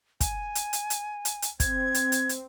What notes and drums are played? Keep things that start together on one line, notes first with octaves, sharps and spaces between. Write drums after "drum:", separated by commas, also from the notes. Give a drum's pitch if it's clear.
G#5, drum: kick, hi-hat
drum: hi-hat
drum: hi-hat
drum: hi-hat
drum: hi-hat
drum: hi-hat
C4 G#6, drum: kick, hi-hat
drum: hi-hat
drum: hi-hat
drum: hi-hat